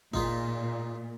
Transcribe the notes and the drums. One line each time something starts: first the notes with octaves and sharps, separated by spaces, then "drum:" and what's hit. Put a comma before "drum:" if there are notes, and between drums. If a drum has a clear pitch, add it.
A#2 D#4 F4 G#4, drum: kick